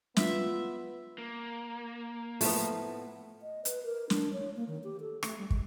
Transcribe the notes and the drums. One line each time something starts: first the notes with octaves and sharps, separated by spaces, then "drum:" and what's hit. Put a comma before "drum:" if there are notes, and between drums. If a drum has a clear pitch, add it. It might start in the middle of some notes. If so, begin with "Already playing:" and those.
B3 F4 E5, drum: snare
A#3
A2 F3 A3 B3, drum: open hi-hat
D#5
B4, drum: hi-hat
A#4
D4, drum: snare
C#5
A#3
D#3
G4
A4
A3, drum: rim click
G3
G#3, drum: kick